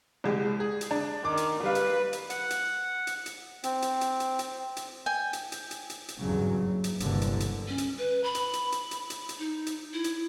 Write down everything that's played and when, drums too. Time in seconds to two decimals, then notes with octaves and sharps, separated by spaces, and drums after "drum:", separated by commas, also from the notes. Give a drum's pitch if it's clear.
0.24 C2 G#3 G4
0.60 G#4
0.81 drum: hi-hat
0.91 D4
1.25 D#3 D6
1.37 drum: hi-hat
1.63 G3 B4 F5
1.75 drum: hi-hat
2.13 drum: hi-hat
2.30 F#5, drum: hi-hat
2.50 drum: hi-hat
3.07 drum: hi-hat
3.26 drum: hi-hat
3.63 C4, drum: hi-hat
3.82 drum: hi-hat
4.01 drum: hi-hat
4.20 drum: hi-hat
4.39 drum: hi-hat
4.77 drum: hi-hat
5.06 G5 G#5
5.33 drum: hi-hat
5.52 drum: hi-hat
5.71 drum: hi-hat
5.90 drum: hi-hat
6.08 drum: hi-hat
6.19 G#1 E2 G2 C#3 F#3
6.60 F#1
6.84 drum: hi-hat
7.00 G1 C2 F#2 A#2 D3 E3, drum: hi-hat
7.22 drum: hi-hat
7.40 drum: hi-hat
7.68 C#4
7.78 drum: hi-hat
7.98 B4
8.24 B5
8.35 drum: hi-hat
8.53 drum: hi-hat
8.72 drum: hi-hat
8.91 drum: hi-hat
9.10 drum: hi-hat
9.29 drum: hi-hat
9.39 D#4
9.66 drum: hi-hat
9.93 E4
10.04 drum: hi-hat